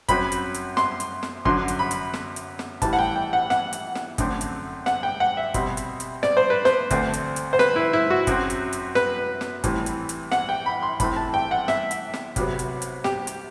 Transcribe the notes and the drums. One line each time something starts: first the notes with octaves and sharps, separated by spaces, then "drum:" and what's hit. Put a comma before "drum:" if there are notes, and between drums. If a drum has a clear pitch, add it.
F#2 F#3 C4 B5, drum: kick G1, hi-hat
drum: hi-hat
drum: hi-hat
C6, drum: snare
drum: hi-hat
drum: snare
F#2 D3 F#3 C6, drum: kick G1
drum: hi-hat
B5
drum: hi-hat
drum: snare
drum: hi-hat
drum: snare
A2 E3 G3 A5, drum: kick G1, hi-hat
F#5
G5
G5
F#5
F#5, drum: snare
drum: hi-hat
drum: snare
F#2 D3 A3 C4, drum: kick G1, hi-hat
drum: hi-hat
F#5, drum: snare
G5
F#5
E5
B2 G3 C4, drum: kick G1, hi-hat
drum: hi-hat
drum: hi-hat
D5, drum: snare
C5
B4
C5, drum: snare
D2 D3 A3 C4, drum: kick G1, hi-hat
drum: hi-hat
drum: hi-hat
C5
B4, drum: snare
E4
E4
F#4
F#2 F#3 C4, drum: kick G1, hi-hat
drum: hi-hat
drum: hi-hat
B4, drum: snare
drum: snare
A2 E3 G3 C4, drum: kick G1, hi-hat
drum: hi-hat
drum: hi-hat
F#5, drum: snare
G5
B5
C6
A2 E3 A3 C4 B5, drum: kick G1, hi-hat
A5
G5
F#5
E5, drum: snare
drum: hi-hat
drum: snare
C2 C3 F#3 B3, drum: kick G1, hi-hat
drum: hi-hat
drum: hi-hat
G4, drum: snare
drum: hi-hat